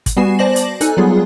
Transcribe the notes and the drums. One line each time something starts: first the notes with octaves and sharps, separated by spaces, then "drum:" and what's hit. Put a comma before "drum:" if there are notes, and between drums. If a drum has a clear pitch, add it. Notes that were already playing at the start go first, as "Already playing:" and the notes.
drum: kick, hi-hat
G3 B3 F#4 G#5 C7 E7
C5 D5 A5 D6 A#6 F#7
drum: hi-hat
D#4 A4 G#5 F#6, drum: hi-hat
F#3 G3 B3 F4 G#4